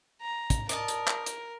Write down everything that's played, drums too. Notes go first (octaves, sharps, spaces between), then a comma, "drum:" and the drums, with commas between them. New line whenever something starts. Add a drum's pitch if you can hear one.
A#5
drum: kick, hi-hat
A#4 D5 D#5 A5, drum: hi-hat
drum: hi-hat
drum: clap
drum: hi-hat